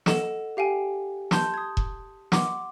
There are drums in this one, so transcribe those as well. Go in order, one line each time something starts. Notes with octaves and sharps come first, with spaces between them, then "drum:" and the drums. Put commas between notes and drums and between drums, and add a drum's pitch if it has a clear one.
A4 D#5 F#5 E7, drum: snare
G4 F5 G5 G#5
A5 C6 G6, drum: snare
D#6 G#6
drum: kick E1
F#5 C6 D6, drum: snare